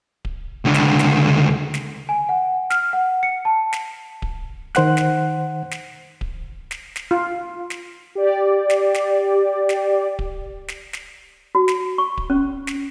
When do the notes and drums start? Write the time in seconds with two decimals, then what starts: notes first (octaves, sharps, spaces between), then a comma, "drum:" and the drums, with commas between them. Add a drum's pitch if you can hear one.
0.25 drum: kick D1
0.65 C#2 D3
0.74 drum: snare
0.99 drum: snare
1.74 drum: snare
2.09 G#5
2.29 F#5
2.70 F6, drum: snare
2.93 F#5
3.23 C#7
3.45 A5
3.73 drum: snare
4.22 drum: kick D1
4.75 D#3 C5 F#5 F#6, drum: snare
4.97 drum: snare
5.71 drum: snare
6.21 drum: kick D1
6.71 drum: snare
6.96 drum: snare
7.11 F4
7.70 drum: snare
8.15 G4 D5
8.70 drum: snare
8.94 drum: snare
9.69 drum: snare
10.19 drum: kick D1
10.68 drum: snare
10.93 drum: snare
11.55 F#4
11.68 drum: snare
11.98 C#6
12.17 drum: kick D1
12.30 C#4
12.67 drum: snare